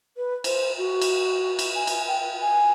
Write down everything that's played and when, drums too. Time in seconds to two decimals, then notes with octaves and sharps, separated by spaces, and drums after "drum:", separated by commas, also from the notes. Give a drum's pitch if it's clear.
0.17 B4
0.44 C5, drum: cymbal
0.78 F#4
1.01 drum: cymbal
1.59 drum: cymbal
1.74 G#5
1.87 drum: cymbal
2.08 G5
2.40 G#5